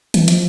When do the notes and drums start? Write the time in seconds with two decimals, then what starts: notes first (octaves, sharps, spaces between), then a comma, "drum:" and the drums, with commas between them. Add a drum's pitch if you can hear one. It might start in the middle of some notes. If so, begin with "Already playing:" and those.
0.14 E3, drum: hi-hat
0.28 F3, drum: hi-hat